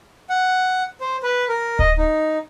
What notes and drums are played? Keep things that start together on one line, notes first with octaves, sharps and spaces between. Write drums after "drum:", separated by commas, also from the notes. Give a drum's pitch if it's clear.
F#5
C5
B4
A#4
D#5, drum: kick D1
D#4